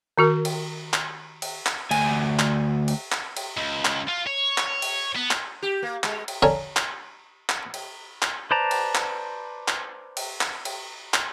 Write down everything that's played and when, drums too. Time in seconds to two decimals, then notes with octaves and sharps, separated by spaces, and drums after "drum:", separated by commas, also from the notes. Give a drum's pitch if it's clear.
0.18 D#3 F#4 A#4
0.45 drum: cymbal
0.94 drum: clap
1.42 drum: cymbal
1.66 drum: clap
1.91 D2 G#5, drum: cymbal
2.39 drum: clap
2.88 drum: cymbal
3.12 drum: clap
3.37 drum: cymbal
3.57 C#2
3.85 drum: clap
4.08 F4
4.27 C#5
4.58 drum: clap
4.82 drum: cymbal
5.16 B3
5.31 drum: clap
5.63 G4
5.83 A#3
6.04 G#3, drum: clap
6.28 drum: cymbal
6.42 D3 C#4 C#5 A#5
6.77 drum: clap
7.50 drum: clap
7.74 drum: cymbal
8.22 drum: clap
8.51 B4 C5 D5 A5 A#5
8.71 drum: cymbal
8.95 drum: clap
9.68 drum: clap
10.17 drum: cymbal
10.41 drum: clap
10.65 drum: cymbal
11.14 drum: clap